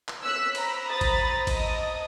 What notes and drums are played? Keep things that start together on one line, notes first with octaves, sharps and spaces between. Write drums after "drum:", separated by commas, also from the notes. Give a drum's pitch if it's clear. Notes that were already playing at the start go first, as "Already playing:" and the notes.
drum: clap
C#5 E6 F#6 B6
C5 A#5 B5, drum: cymbal
C5 A#5 B5 D#6 A6
drum: kick A1, cymbal
D#5 A5 D#6, drum: kick A1, cymbal